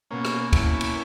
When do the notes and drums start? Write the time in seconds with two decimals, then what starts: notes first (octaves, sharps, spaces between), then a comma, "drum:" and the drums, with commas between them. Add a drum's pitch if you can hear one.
0.11 B2 A#3 C#4
0.25 drum: rim click
0.53 C#4 E4, drum: kick, cymbal
0.81 drum: cymbal